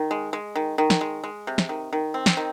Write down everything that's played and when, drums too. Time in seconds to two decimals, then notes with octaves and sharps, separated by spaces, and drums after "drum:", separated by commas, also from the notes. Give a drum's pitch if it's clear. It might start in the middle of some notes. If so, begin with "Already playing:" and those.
Already playing: D#3
0.11 G#3
0.33 G#3
0.56 D#3
0.78 D#3
0.90 drum: snare
1.01 G#3
1.24 G#3
1.47 C3
1.58 drum: snare
1.69 D#3
1.93 D#3
2.14 C4
2.26 drum: snare
2.37 D#3